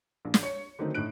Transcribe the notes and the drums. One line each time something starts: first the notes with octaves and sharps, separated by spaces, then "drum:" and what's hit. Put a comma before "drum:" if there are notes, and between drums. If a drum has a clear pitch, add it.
A#1
drum: snare
C#5 C#7
D3 D#3 F#3 A3 C4 D#4
A2 D4 D#4 F#6 D7